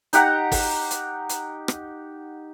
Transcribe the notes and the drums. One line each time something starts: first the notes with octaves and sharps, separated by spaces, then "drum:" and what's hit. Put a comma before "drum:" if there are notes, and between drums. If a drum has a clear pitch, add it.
D#4 G4 F#5 A#5, drum: hi-hat
drum: kick, open hi-hat
drum: hi-hat
drum: hi-hat
drum: rim click